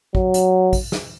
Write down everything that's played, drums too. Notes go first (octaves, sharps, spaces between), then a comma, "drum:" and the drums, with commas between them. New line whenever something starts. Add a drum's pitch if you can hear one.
F#3, drum: kick
drum: hi-hat
drum: kick, open hi-hat
drum: snare